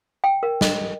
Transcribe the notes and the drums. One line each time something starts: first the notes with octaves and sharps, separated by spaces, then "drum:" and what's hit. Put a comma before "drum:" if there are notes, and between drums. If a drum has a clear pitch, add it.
G5
A#4
D#5, drum: snare